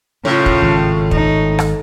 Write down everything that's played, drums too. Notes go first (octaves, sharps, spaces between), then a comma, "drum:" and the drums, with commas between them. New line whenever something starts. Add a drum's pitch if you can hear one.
A2 C#3 F4
drum: kick
G#1
D#4, drum: kick
drum: rim click